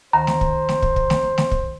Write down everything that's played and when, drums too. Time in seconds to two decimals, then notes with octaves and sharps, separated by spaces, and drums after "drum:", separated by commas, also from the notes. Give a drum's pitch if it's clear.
0.13 D2 D#3 C5 A#5
0.27 drum: snare A3
0.41 drum: kick
0.69 drum: snare A3
0.82 drum: kick
0.96 drum: kick
1.10 drum: snare A3
1.38 drum: snare A3
1.51 drum: kick